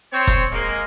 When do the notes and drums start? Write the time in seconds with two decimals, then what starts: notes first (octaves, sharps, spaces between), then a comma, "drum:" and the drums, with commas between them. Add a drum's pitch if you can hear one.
0.12 C4 C#5
0.27 drum: kick E1, hi-hat
0.52 G#3 A#3